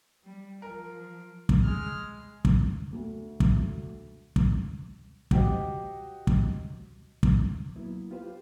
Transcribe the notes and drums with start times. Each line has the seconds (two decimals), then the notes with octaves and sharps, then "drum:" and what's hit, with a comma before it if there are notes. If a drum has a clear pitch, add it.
0.23 G3
0.62 F3 A#4
1.49 drum: kick
1.63 G#3 F6
2.45 drum: kick
2.92 D2
3.40 drum: kick
4.36 drum: kick
5.31 F#4 G4 C5 D#5, drum: kick
6.27 drum: kick
7.23 drum: kick
7.76 F#3 A#3 B3 E4
8.11 F4 G4 B4 C5 F5